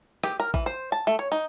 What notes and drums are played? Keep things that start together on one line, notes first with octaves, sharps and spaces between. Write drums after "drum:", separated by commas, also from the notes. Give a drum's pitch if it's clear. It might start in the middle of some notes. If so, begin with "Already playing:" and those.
G4, drum: rim click
A#4
E3, drum: kick
C5
A5
A3
C#5
D#4